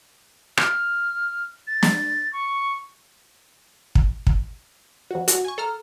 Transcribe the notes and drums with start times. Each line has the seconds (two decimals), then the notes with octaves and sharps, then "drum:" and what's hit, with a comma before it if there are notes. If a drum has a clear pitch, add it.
0.57 F6, drum: rim click
1.67 A6
1.83 drum: snare
2.33 C#6
3.95 drum: kick
4.27 drum: kick
5.11 F2 F#4
5.28 F#4, drum: hi-hat
5.45 G#5 C#6
5.58 A4 A#5 F6